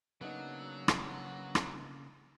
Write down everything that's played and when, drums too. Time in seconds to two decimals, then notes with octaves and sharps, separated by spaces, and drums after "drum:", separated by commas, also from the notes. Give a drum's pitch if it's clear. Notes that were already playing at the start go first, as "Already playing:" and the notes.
0.21 C#3 F#3 A#3 B3 D4 D#4
0.88 drum: rim click
1.55 drum: rim click